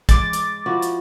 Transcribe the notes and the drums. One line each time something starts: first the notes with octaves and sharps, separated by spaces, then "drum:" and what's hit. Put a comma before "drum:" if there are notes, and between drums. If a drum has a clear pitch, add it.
G#3 D6 A6, drum: kick, hi-hat
drum: hi-hat
F3 E4 F#4
drum: hi-hat